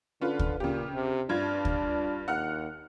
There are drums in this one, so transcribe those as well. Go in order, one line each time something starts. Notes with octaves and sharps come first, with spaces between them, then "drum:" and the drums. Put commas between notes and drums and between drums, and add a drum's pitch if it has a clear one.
D3 C#4 F4 B4
drum: kick
A#2 C#3 G4
C3
G2 D4 F4 G#6
drum: kick
D#2 F#5 F6 F#6